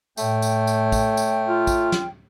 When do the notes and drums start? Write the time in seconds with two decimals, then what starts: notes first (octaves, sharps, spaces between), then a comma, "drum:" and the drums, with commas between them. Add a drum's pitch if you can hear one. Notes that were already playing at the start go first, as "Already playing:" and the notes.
0.17 A2 A3 C#5 G5, drum: tambourine
0.42 drum: tambourine
0.67 drum: tambourine
0.92 drum: kick, tambourine
1.17 drum: tambourine
1.47 F4
1.67 drum: kick, tambourine
1.92 drum: snare